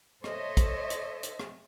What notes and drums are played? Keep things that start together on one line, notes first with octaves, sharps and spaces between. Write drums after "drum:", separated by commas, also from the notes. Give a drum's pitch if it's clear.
A4 C5 C#5 D#5 E5, drum: rim click
drum: kick, hi-hat
drum: hi-hat
drum: hi-hat
drum: rim click